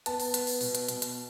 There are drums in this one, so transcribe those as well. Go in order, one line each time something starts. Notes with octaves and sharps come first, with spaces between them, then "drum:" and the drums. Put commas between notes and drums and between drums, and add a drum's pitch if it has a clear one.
B3 A5, drum: hi-hat
drum: open hi-hat
B3, drum: hi-hat
drum: open hi-hat
B2, drum: open hi-hat
drum: hi-hat
B2, drum: hi-hat
drum: hi-hat